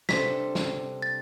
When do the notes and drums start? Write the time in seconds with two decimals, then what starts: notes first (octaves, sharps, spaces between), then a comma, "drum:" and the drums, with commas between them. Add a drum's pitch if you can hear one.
0.09 C3 G3 D4 A4 C5 B6, drum: snare
0.55 drum: snare
1.02 A6